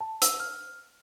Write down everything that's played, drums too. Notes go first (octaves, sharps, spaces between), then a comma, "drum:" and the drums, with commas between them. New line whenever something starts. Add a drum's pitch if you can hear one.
A5
E6, drum: hi-hat
F6